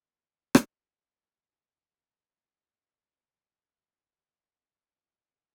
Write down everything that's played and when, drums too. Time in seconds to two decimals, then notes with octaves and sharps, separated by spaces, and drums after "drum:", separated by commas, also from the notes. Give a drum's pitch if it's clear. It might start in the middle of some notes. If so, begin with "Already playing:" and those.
0.55 drum: rim click
1.11 A4
1.31 C#6
1.46 G#4
1.65 A#5
1.84 C#6
2.07 A#5
2.42 G#5
2.93 D5 B5 C6
3.32 B5 D7 G7
3.94 C5
4.90 C7